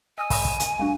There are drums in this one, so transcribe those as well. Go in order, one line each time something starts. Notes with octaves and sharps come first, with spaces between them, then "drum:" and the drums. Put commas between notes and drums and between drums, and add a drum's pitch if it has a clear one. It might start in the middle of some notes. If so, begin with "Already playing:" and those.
D#5 G#5 D#6 E6
G#2 D#5 B5, drum: kick, open hi-hat
drum: kick
drum: hi-hat
G3 A3 D4 F#4 F5